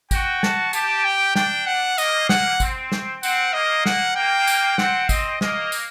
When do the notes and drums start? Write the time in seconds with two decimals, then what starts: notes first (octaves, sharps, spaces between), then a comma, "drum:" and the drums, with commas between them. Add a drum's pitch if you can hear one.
0.11 F#4 G5, drum: kick G#1, tambourine
0.43 A5, drum: snare
0.73 G4 A5, drum: tambourine
1.04 G5
1.35 D4 G5, drum: snare
1.66 F#5
1.98 A#3 D#5, drum: tambourine
2.29 F#5, drum: snare
2.60 C4, drum: kick G#1, tambourine
2.92 drum: snare
3.23 C4 F#5, drum: tambourine
3.53 A#3 D#5
3.86 F#5, drum: snare
4.16 A#3 G5
4.47 drum: tambourine
4.78 C4 F#5, drum: snare
5.09 D#5, drum: kick G#1, tambourine
5.41 A#3 D#5, drum: snare
5.72 drum: tambourine